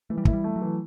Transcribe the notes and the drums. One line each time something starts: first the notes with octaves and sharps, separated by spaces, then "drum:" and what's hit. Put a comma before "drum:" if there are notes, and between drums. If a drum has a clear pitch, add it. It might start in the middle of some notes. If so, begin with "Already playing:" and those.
E3 A3
G3
A3 E4, drum: kick
G3
A3
F#3
E3